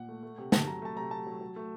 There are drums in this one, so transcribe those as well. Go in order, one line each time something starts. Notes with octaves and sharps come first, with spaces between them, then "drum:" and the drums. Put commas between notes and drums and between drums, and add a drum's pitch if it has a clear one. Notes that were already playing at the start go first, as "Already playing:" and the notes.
Already playing: A#2 F#5
A3
A3
C3
C3 A5, drum: snare
F#3 A#5
A3 A5
C3 A#5
C3 A5
F#3
F#3
A3